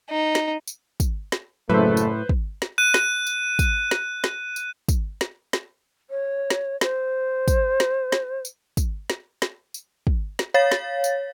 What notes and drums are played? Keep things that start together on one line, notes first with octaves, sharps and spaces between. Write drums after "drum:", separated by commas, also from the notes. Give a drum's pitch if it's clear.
D#4
drum: snare
drum: tambourine
drum: kick, tambourine
drum: snare
F#1 A2 F#3 A3 B4 C5 E5
drum: tambourine
drum: kick
drum: snare
F#6 D#7
drum: snare
drum: tambourine
drum: kick, tambourine
drum: snare
drum: snare
drum: tambourine
drum: kick, tambourine
drum: snare
drum: snare
C#5
drum: snare
C5, drum: snare
drum: kick, tambourine
drum: snare
drum: snare
drum: tambourine
drum: kick, tambourine
drum: snare
drum: snare
drum: tambourine
drum: kick
drum: snare
C#5 F5 A6
drum: snare
drum: tambourine